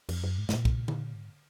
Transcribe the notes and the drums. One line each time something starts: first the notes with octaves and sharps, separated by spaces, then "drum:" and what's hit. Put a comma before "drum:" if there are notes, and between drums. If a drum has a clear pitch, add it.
F2, drum: cymbal
F#2
G#2
G#2, drum: snare
A#2
drum: kick
drum: tom D3
G#2